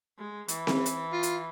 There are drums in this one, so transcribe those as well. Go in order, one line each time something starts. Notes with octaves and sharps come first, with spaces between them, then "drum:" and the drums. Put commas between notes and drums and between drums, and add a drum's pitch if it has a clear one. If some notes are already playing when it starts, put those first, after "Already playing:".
G#3
E3, drum: hi-hat
drum: snare C4
drum: hi-hat
F4
drum: hi-hat